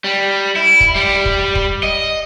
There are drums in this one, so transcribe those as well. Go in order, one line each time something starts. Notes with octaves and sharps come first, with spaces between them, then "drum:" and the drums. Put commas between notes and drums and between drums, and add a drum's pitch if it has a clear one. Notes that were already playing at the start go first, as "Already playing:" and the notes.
G3
E4
drum: kick
G3
drum: kick
drum: kick
D#5